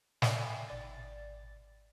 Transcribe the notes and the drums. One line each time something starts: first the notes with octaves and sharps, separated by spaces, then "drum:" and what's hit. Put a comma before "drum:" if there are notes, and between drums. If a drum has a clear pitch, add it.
D5 E5 G5 G#5 B5, drum: snare
G#1 D5 A6